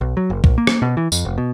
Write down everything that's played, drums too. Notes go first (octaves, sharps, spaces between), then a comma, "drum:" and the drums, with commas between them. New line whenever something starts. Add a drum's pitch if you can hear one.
B1
F#3
F#1
A#1, drum: kick B1
A#3
drum: rim click
B2
E3
F2, drum: tambourine
F1
B2